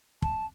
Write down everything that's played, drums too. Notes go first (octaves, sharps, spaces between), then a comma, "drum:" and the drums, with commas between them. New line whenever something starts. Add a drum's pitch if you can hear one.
A5, drum: kick